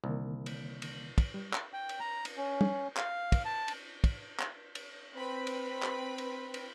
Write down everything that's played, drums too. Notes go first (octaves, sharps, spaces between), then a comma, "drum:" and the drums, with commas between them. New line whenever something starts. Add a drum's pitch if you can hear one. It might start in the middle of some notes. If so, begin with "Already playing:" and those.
C2 D3 D#3 A#3
drum: cymbal
drum: cymbal
drum: kick, cymbal
G3
drum: clap
G5
drum: cymbal
A#5
drum: cymbal
C#4
drum: tom
F5, drum: clap
drum: kick, cymbal
A5
drum: cymbal
drum: kick, cymbal
drum: clap
drum: cymbal
C4 B4 B5
drum: cymbal
drum: clap
drum: cymbal
drum: cymbal